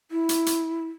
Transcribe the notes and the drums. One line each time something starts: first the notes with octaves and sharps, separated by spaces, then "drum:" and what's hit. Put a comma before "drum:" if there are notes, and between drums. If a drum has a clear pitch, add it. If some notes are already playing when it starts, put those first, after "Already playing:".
E4
drum: hi-hat
drum: hi-hat